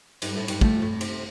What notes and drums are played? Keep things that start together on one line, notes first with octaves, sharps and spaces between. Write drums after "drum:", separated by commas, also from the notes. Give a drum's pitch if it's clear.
G2 G3, drum: cymbal
A2 A3
G2 G3, drum: cymbal
F2 F3 A3, drum: kick
A2 A3
C3 C4, drum: cymbal